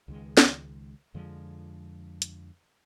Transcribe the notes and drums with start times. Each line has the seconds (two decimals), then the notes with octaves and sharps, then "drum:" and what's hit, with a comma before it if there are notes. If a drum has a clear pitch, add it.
0.08 C#2 D#3 G#3
0.37 drum: snare
1.14 F2 D3 F3 G#3
2.22 drum: hi-hat